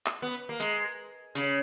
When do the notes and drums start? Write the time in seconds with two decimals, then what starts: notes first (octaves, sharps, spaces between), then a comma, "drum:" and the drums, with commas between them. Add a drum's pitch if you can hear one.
0.06 drum: clap
0.22 B3
0.49 A#3
0.60 G#3, drum: hi-hat
1.35 C#3, drum: hi-hat